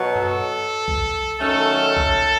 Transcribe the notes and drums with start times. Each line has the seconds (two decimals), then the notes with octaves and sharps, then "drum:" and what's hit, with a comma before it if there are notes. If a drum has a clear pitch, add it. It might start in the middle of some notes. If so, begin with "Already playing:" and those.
Already playing: B2 F#3 B3
0.15 A4, drum: tom F#2
0.88 drum: kick B1
1.40 D#3 F#3 A3 C#4 A4
1.97 drum: kick B1